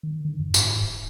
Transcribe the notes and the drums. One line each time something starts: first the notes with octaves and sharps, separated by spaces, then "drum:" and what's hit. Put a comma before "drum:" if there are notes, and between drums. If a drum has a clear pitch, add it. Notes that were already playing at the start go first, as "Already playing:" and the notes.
D#3
D3
F#2
G#2, drum: tambourine
D#1